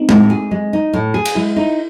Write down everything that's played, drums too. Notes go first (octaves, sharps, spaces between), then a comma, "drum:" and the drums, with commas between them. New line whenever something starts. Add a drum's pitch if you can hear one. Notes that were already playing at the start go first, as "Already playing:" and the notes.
Already playing: A3 C4 D#4
A2, drum: tom G#3
G#4
G#3
D#4
A2
G#4
drum: cymbal
G#3 E4
D#4 E4